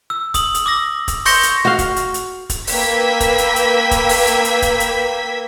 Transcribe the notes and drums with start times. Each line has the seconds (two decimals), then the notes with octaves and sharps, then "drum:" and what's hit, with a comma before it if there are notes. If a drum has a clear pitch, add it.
0.10 E6
0.34 D#6 F#7, drum: kick, hi-hat
0.54 drum: hi-hat
0.66 D6 E6 A#6
1.08 drum: kick, hi-hat
1.25 C6 C#6 G6 A#6 C#7 G7, drum: open hi-hat
1.43 drum: hi-hat
1.65 F#4 F5
1.79 drum: kick, hi-hat
1.96 drum: hi-hat
2.14 drum: hi-hat
2.50 drum: kick, hi-hat
2.67 A#3 B4 G5 E6 G#6 B6, drum: open hi-hat
3.20 drum: kick, hi-hat
3.38 drum: hi-hat
3.56 drum: hi-hat
3.91 drum: kick, hi-hat
4.09 drum: open hi-hat
4.27 drum: hi-hat
4.45 drum: hi-hat
4.62 drum: kick, hi-hat
4.80 drum: hi-hat